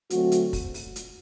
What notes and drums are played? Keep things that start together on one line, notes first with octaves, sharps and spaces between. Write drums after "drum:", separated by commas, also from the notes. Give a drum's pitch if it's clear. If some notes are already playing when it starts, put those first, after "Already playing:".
D3 F#3 A3 C4 F#4, drum: hi-hat
drum: hi-hat
drum: kick, open hi-hat
drum: open hi-hat
drum: hi-hat